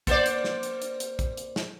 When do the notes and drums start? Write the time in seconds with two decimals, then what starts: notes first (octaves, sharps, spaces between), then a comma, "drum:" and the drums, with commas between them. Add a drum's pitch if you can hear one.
0.07 A#3 C5 D5, drum: kick B1, hi-hat
0.26 drum: hi-hat
0.44 drum: snare
0.63 drum: hi-hat
0.82 drum: hi-hat
1.00 drum: hi-hat
1.19 drum: kick B1, hi-hat
1.37 drum: hi-hat
1.56 drum: snare